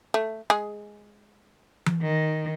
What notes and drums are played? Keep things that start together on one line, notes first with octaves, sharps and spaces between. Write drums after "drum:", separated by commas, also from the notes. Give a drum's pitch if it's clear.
A3
G#3 G#4
drum: tom E3
D#3